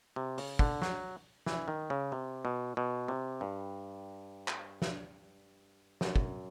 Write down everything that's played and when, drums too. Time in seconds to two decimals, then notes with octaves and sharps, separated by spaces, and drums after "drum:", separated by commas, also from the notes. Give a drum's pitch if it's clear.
0.16 C3
0.38 C#3, drum: open hi-hat
0.59 D3, drum: kick
0.82 F#3, drum: snare
1.46 E3, drum: snare
1.68 D#3
1.90 C#3
2.12 C3
2.45 B2
2.77 B2
3.08 C3
3.41 G2
4.48 drum: clap
4.82 drum: snare
6.01 F#2, drum: snare
6.16 drum: kick